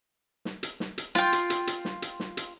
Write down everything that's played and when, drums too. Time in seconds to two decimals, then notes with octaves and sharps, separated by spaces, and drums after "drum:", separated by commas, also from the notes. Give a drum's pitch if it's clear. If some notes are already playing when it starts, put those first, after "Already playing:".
0.45 drum: snare
0.63 drum: hi-hat
0.80 drum: snare
0.98 drum: hi-hat
1.15 F4 G5, drum: snare
1.33 drum: hi-hat
1.50 drum: hi-hat
1.67 drum: hi-hat
1.85 drum: snare
2.02 drum: hi-hat
2.20 drum: snare
2.37 drum: hi-hat